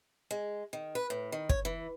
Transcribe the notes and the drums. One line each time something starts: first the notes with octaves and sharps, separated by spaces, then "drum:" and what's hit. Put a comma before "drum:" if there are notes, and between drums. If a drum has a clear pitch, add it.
G#3
D#3
B4
A2
D#3
C#5, drum: kick
E3